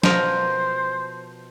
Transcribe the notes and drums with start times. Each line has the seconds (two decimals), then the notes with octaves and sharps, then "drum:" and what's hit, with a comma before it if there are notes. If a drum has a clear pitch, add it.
0.03 B2 F3 A#4 C5, drum: snare